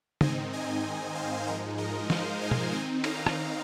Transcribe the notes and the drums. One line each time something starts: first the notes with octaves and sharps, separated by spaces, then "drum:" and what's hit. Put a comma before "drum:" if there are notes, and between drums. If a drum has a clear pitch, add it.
G#2 D#3 C4 D#4 D#5 G#5, drum: tom
D#5 G#5
C5 F5
G#2 F3 G#3 D#4 A#4 D#5
A#4 D#5
C5 F5, drum: snare
D#5 G#5
drum: tom B2
D#3 C4 D#4 D#5 G#5
F5 A#5, drum: cymbal
drum: rim click